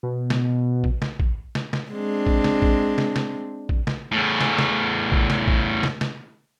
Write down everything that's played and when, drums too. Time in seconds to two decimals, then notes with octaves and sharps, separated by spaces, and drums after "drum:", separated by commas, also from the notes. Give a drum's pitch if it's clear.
0.03 B2
0.30 drum: snare
0.84 drum: kick
1.02 drum: snare
1.20 drum: kick
1.55 drum: snare
1.73 drum: snare
1.91 G#3 C4 D4
2.27 drum: kick
2.44 drum: snare
2.62 drum: kick
2.98 drum: snare
3.16 drum: snare
3.69 drum: kick
3.87 drum: snare
4.12 E2 A2
4.41 drum: snare
4.58 drum: snare
5.12 drum: kick
5.30 drum: snare
5.48 drum: kick
5.83 drum: snare
6.01 drum: snare